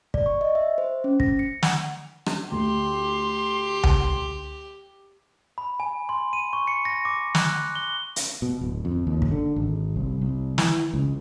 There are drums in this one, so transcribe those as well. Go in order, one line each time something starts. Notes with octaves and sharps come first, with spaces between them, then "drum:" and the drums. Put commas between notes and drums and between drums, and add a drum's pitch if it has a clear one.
D5, drum: kick
C#6
D#5
E5
C5
C#4
A#6, drum: kick
C#7
F#5, drum: snare
drum: rim click
D2 G4 C6
drum: tom C#2
B5
G#5
C6
D#7
C#6
C#7
A#6
D6
F#6, drum: snare
G7
drum: hi-hat
B2
D1
F2
D#2
drum: kick
D3
G#1
C2
C2
E3, drum: snare
C#2